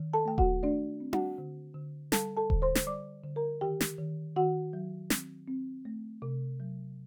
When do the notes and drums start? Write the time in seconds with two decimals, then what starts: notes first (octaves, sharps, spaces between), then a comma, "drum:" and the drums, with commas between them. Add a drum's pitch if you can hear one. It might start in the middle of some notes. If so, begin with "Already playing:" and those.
Already playing: D#3
0.13 A4 A5
0.25 A3 G5
0.38 F#4 F#5, drum: kick D#1
0.63 A3 D4 D5
1.00 C4
1.13 F#4 F#5, drum: tom D4
1.38 D3
1.75 D3
2.12 G3 A4 A5, drum: snare
2.37 A4 A5
2.50 D3, drum: kick D#1
2.62 C5 C6
2.75 drum: snare
2.87 G3 D5 D6
3.24 D3
3.36 A#4 A#5
3.61 D#3 G4 G5
3.81 drum: snare
3.98 D#3
4.36 D#3 F#4 F#5
4.73 F#3
5.10 C4, drum: snare
5.48 C4
5.85 A3
6.22 C3
6.60 F#3